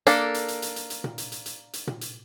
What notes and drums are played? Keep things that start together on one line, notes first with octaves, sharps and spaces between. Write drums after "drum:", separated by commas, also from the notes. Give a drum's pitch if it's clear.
A#3 D4 A4, drum: hi-hat
drum: hi-hat
drum: hi-hat
drum: hi-hat
drum: hi-hat
drum: hi-hat
drum: tom A#2
drum: hi-hat
drum: hi-hat
drum: hi-hat
drum: hi-hat
drum: tom A#2
drum: hi-hat